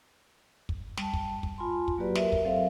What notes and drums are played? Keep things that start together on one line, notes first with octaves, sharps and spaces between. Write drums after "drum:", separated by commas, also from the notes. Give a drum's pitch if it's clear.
drum: kick
G3 A5, drum: snare
drum: kick
drum: kick
F4 G#5 A5 B5 C6
drum: kick
F#3 A#3 F#4 G4 B4 D5
A#4 E5, drum: snare
drum: kick
F#3 C4 A4 C5 E5 F5